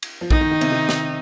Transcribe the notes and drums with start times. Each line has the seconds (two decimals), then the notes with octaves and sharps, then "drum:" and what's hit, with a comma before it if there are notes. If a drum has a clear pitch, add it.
0.03 drum: cymbal
0.21 F3
0.30 D#3 D#4, drum: kick A#1
0.41 D#3
0.51 D#3
0.61 C3, drum: cymbal
0.72 D#3
0.89 drum: snare